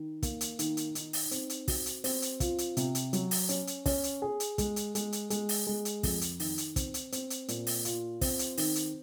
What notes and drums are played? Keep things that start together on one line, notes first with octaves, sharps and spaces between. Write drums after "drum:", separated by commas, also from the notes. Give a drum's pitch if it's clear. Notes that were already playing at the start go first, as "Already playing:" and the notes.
Already playing: D#3
A#3, drum: kick, hi-hat
drum: hi-hat
D#3, drum: hi-hat
drum: hi-hat
D#4, drum: hi-hat
drum: open hi-hat
C4, drum: hi-hat
drum: hi-hat
F#4, drum: kick, open hi-hat
drum: hi-hat
C4, drum: open hi-hat
drum: hi-hat
F4, drum: kick, hi-hat
drum: hi-hat
C3, drum: hi-hat
drum: hi-hat
F#3, drum: hi-hat
drum: open hi-hat
C#4, drum: hi-hat
drum: hi-hat
C#4, drum: kick, open hi-hat
drum: hi-hat
G#4
drum: hi-hat
G#3, drum: kick, hi-hat
drum: hi-hat
G#3, drum: hi-hat
drum: hi-hat
G#3, drum: hi-hat
drum: open hi-hat
G#3
drum: hi-hat
F2, drum: kick, open hi-hat
drum: hi-hat
D#3, drum: open hi-hat
drum: hi-hat
C4, drum: kick, hi-hat
drum: hi-hat
C4, drum: hi-hat
drum: hi-hat
A#2, drum: hi-hat
drum: open hi-hat
F4, drum: hi-hat
C4, drum: kick, open hi-hat
drum: hi-hat
D#3, drum: open hi-hat
drum: hi-hat